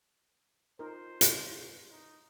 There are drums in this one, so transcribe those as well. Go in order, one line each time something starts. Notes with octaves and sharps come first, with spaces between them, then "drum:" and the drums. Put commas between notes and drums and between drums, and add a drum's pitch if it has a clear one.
D#4 F4 A#4 C5
drum: hi-hat
D#4